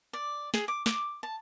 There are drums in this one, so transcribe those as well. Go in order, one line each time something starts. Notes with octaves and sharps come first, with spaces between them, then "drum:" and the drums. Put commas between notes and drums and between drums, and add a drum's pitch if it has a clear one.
D5
G#4, drum: snare
D6
D6, drum: snare
A5